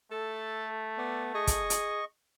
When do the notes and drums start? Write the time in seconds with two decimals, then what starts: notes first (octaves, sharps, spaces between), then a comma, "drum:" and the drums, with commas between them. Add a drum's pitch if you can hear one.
0.11 A3 A4
0.98 B3 D5
1.34 G#4 D#5 C#6
1.47 drum: kick, hi-hat
1.70 drum: hi-hat